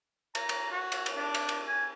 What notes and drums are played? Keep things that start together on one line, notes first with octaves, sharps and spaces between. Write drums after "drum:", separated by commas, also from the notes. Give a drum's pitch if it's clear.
A#5, drum: cymbal
drum: cymbal
F#4
drum: cymbal
drum: cymbal
D4
drum: cymbal
drum: cymbal
G#5